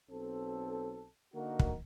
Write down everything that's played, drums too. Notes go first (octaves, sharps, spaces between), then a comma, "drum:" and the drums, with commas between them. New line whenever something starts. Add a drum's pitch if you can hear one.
B1 C4 A4
D3 A#3 D#4 F#4 A#4
drum: kick